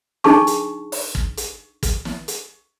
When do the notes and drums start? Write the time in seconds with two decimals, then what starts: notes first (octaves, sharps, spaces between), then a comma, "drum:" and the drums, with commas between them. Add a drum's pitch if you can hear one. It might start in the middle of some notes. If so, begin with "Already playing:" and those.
0.24 D4 D#4 G#4 A5 C#6, drum: snare
0.47 drum: hi-hat
0.92 drum: open hi-hat
1.15 drum: kick
1.37 drum: hi-hat
1.83 drum: kick, hi-hat
2.05 drum: snare
2.28 drum: hi-hat